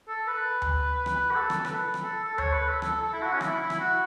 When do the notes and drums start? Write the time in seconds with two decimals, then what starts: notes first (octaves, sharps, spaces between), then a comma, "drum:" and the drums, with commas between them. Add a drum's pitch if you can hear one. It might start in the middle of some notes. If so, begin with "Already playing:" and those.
0.08 A4
0.27 B4
0.62 drum: tom D2
1.06 B4, drum: rim click
1.31 F#4
1.35 A4
1.50 drum: rim click
1.65 B4, drum: rim click
1.94 drum: rim click
2.04 A4
2.23 A4
2.38 C#5, drum: tom D2
2.53 B4
2.68 A4
2.82 A4, drum: rim click
3.02 A4
3.13 E4
3.22 F#4
3.33 C#4
3.41 E4, drum: rim click
3.61 E4
3.70 drum: rim click
3.80 F#4